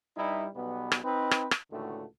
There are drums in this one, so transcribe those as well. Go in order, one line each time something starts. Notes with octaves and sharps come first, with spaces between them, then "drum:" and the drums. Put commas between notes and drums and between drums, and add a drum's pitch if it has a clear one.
G2 G3 D#4 E4
B1 B2 G3 B3
drum: rim click
C4 D#4 B4
drum: rim click
drum: rim click
C#2 A2 D3 D#3 A3 F#4